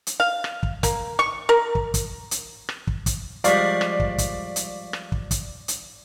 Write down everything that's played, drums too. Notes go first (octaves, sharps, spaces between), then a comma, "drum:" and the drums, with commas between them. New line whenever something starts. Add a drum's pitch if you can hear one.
drum: hi-hat
F5
drum: rim click
drum: kick
A#3, drum: kick, hi-hat
C#6
A#4
drum: kick
drum: kick, hi-hat
drum: hi-hat
drum: rim click
drum: kick
drum: kick, hi-hat
F3 G3 G#3 D5 F5 C#6 B6, drum: hi-hat
drum: rim click
drum: kick
drum: kick, hi-hat
drum: hi-hat
drum: rim click
drum: kick
drum: kick, hi-hat
drum: hi-hat